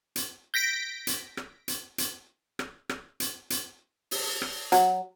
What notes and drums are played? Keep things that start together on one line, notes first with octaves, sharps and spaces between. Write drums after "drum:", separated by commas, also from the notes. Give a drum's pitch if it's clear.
drum: hi-hat
G6 A#6 B6 D7
drum: hi-hat
drum: rim click
drum: hi-hat
drum: hi-hat
drum: rim click
drum: rim click
drum: hi-hat
drum: hi-hat
drum: open hi-hat
drum: rim click
F#3, drum: hi-hat